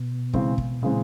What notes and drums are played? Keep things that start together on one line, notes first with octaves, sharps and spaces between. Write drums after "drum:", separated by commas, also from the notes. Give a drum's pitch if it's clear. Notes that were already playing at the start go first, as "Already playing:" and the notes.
Already playing: B2
C#3 E3 G#3 C4, drum: kick
drum: kick
A#2 C#3 E3 G#3 C4